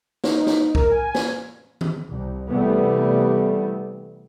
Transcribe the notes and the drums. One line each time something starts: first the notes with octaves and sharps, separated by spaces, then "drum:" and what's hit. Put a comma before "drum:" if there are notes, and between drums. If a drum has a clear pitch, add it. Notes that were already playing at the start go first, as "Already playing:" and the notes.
D#4, drum: snare
drum: snare
A#4, drum: kick
G#5
drum: snare
drum: tom D#3
C2
C3 E3 G3 A3 B3